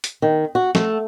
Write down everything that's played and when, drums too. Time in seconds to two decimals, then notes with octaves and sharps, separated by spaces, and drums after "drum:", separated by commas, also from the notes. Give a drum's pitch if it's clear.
0.04 drum: hi-hat
0.22 D#3
0.55 F#4
0.75 A3, drum: snare